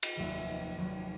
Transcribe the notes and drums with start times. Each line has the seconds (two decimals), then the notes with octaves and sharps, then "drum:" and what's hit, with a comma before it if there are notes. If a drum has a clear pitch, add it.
0.03 drum: cymbal
0.16 F1 D#2 D#3 F#3 A#3 E5 F#5
0.77 F1 D#2 D#3 F#3 A#3